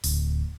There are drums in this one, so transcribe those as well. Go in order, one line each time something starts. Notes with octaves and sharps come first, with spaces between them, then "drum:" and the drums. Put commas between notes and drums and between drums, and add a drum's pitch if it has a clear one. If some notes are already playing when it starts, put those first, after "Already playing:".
D1, drum: open hi-hat